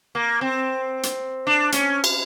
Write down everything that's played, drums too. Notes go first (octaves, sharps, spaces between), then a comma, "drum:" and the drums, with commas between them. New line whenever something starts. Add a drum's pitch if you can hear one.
A#3
C4
drum: hi-hat
D4
C#4, drum: hi-hat
drum: cymbal